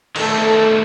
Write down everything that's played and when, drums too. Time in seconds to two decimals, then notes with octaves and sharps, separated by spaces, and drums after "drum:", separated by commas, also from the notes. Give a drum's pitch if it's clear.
0.16 D#3 A3 A4, drum: cymbal